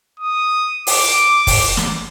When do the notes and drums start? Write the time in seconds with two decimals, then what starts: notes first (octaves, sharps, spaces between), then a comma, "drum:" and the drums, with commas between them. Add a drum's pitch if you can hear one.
0.20 D#6
0.87 D6, drum: open hi-hat
1.47 drum: kick, open hi-hat
1.77 drum: snare